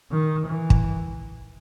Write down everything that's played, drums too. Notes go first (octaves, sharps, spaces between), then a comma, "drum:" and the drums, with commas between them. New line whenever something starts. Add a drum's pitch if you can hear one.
D#3
E3
drum: kick